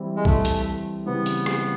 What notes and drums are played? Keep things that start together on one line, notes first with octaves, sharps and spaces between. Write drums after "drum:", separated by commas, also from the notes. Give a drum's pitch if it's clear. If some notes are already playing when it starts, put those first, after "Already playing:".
Already playing: E3 G3 C4 E4
G#3
A3, drum: kick B1
drum: hi-hat
C#3 E3 G3 B3 C4
drum: hi-hat
drum: rim click